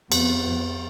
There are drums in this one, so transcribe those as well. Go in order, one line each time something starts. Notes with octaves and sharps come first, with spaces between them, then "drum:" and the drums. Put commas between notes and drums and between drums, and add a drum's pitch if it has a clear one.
F2 F3 B3, drum: cymbal